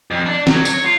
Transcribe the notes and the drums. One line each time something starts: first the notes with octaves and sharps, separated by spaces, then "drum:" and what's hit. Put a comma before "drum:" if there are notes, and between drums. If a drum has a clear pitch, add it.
F2
D4
F#3, drum: snare
C#5, drum: tambourine
F4